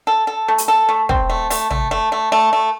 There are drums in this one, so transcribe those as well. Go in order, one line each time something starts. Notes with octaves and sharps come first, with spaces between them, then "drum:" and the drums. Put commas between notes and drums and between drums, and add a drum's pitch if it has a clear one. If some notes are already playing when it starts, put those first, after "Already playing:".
A4
A4
A3
drum: hi-hat
A4
A3
C4, drum: kick
A3
A3, drum: open hi-hat
A3, drum: tom
A3
A3
A3
A3